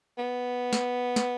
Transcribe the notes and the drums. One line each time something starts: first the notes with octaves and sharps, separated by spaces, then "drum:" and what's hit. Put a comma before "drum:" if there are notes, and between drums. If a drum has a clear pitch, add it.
B3
drum: snare
drum: snare